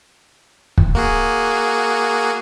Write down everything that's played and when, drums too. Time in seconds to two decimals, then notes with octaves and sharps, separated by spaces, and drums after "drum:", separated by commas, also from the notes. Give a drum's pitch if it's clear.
0.78 drum: kick
0.95 A#3 F#4 G#4